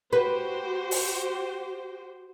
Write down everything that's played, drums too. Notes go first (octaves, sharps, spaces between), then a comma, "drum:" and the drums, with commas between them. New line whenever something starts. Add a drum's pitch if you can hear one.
F#4 G4 B4 C5
drum: open hi-hat